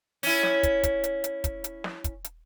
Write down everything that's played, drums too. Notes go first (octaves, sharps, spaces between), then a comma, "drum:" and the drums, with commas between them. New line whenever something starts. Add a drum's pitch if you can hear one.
C#4 E4, drum: open hi-hat
drum: snare
drum: kick, hi-hat
drum: kick, hi-hat
drum: hi-hat
drum: hi-hat
drum: kick, hi-hat
drum: hi-hat
drum: snare
drum: kick, hi-hat
drum: hi-hat